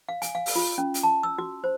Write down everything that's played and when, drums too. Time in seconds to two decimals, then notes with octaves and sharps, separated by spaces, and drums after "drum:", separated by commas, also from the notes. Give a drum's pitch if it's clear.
0.09 F5
0.22 G#5, drum: hi-hat
0.35 F5
0.46 drum: open hi-hat
0.56 F4
0.78 C#4
0.94 drum: hi-hat
1.03 A5
1.23 E6
1.39 F#4
1.64 C5